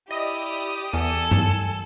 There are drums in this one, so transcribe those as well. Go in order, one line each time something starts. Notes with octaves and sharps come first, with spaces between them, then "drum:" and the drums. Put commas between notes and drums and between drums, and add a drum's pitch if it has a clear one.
E4 G4 D5 D#5 D#6
E2 A4 G#5
drum: tom G2